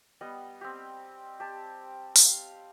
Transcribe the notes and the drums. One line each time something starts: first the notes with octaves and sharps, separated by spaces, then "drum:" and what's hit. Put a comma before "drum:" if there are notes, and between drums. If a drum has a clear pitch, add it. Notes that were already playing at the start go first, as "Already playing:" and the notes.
G3 B3 D#5 F#5
C4 G4
G4 A5
drum: open hi-hat
F5